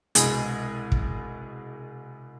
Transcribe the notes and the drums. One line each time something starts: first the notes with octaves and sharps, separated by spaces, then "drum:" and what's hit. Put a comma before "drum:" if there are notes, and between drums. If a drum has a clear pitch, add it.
C2 B2 G#3 G#4, drum: hi-hat
drum: kick